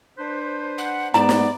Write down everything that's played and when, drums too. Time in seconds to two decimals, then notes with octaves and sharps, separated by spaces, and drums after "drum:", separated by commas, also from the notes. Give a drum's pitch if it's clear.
0.18 D4 B4 C5
0.78 F#5
1.14 G#2 B3 D5 A#5
1.29 drum: snare